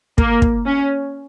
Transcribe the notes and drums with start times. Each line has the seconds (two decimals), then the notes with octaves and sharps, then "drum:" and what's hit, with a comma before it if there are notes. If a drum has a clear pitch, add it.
0.18 A#3, drum: kick
0.42 drum: kick
0.66 C#4